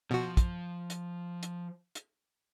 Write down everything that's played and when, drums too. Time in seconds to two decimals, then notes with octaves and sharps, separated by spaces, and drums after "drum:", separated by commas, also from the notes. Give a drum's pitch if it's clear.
0.11 B2 F3 F#4
0.37 drum: kick, hi-hat
0.90 drum: hi-hat
1.43 drum: hi-hat
1.95 drum: hi-hat